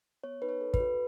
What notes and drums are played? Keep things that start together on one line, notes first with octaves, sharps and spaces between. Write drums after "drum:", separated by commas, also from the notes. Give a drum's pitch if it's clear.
B3 C#5
D#4 B4
C#5
A4
B4, drum: kick
F#4